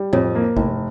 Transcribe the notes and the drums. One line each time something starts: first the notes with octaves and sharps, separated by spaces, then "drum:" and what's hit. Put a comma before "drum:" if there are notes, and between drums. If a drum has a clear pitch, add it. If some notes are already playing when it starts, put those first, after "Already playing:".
Already playing: G3
F2, drum: tom A2
A#3
F1, drum: kick